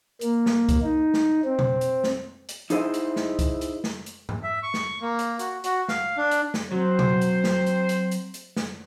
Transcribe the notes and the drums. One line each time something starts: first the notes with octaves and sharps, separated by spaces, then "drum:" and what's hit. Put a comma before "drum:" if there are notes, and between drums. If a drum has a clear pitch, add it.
A#3, drum: hi-hat
drum: snare
drum: kick C2, hi-hat
D#4
drum: snare
C4
drum: tom B2
drum: hi-hat
drum: snare
drum: hi-hat
D#4 E4 G#4 C5 D#5 E5, drum: hi-hat
drum: hi-hat
drum: snare
drum: kick C2, hi-hat
drum: hi-hat
drum: snare
drum: hi-hat
drum: tom G#2
E5
C#6
drum: snare
A#3
drum: hi-hat
F#4, drum: hi-hat
F#4, drum: hi-hat
F5, drum: snare
D4
drum: hi-hat
drum: snare
F#3 C4 C5
drum: tom B2
drum: hi-hat
drum: snare
drum: hi-hat
drum: hi-hat
drum: hi-hat
drum: hi-hat
drum: snare